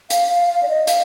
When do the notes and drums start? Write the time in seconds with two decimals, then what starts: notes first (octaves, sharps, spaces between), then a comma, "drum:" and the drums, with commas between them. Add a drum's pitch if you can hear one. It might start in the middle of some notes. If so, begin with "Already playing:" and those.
0.10 F5, drum: hi-hat
0.30 F5
0.49 F5
0.63 D5
0.68 D#5
0.87 F5, drum: hi-hat